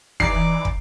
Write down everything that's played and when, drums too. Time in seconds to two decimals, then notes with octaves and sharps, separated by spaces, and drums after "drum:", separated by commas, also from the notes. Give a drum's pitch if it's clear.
0.20 E3 D#4 D5 D6 C7, drum: kick
0.65 drum: kick